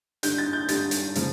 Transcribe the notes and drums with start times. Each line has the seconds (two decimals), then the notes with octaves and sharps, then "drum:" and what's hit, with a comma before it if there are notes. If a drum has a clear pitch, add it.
0.23 G2 D3 G3 G6, drum: hi-hat
0.38 A6
0.53 G6
0.69 G2 D3 G3 A6, drum: hi-hat
0.91 drum: hi-hat
1.15 C#3 F3, drum: hi-hat